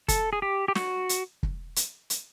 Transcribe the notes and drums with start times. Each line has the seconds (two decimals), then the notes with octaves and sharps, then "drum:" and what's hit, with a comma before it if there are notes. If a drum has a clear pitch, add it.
0.08 A4, drum: kick, hi-hat
0.33 G#4
0.42 G4
0.68 G4
0.75 F#4, drum: snare
1.09 drum: hi-hat
1.43 drum: kick
1.76 drum: hi-hat
2.10 drum: hi-hat